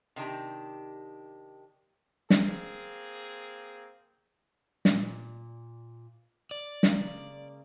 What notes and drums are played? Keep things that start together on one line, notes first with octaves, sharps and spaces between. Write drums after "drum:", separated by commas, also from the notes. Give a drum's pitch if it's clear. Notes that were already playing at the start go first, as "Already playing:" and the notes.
C3 D#3 D4 G4
A#3 C4 G#4, drum: snare
A#2 D5, drum: snare
D5
C#3 G#3 A#3, drum: snare